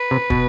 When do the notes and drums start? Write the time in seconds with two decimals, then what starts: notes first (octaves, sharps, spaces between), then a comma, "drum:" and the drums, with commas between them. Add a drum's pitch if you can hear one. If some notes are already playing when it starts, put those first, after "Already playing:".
Already playing: B4
0.11 C3
0.30 B2, drum: kick